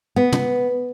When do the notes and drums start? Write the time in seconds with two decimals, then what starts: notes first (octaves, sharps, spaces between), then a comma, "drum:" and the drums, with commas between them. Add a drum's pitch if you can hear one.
0.16 B3
0.32 drum: tom